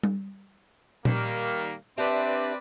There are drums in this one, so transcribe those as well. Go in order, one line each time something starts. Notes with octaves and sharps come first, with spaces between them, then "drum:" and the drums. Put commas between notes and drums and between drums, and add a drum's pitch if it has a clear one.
drum: tom G3
D#3 G3 A#3, drum: tom A#2
C4 D4 G4 B4 D5 E5